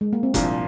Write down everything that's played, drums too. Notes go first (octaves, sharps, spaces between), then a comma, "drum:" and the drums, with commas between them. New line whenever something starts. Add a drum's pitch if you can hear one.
G#3
A#3
C4
C2 A#2 F3 D4, drum: kick F1, hi-hat